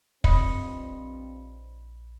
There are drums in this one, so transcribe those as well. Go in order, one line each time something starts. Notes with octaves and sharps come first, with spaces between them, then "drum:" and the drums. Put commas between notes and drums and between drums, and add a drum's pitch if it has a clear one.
A#1 G2 F3 C4 D#5 B5 C#7, drum: kick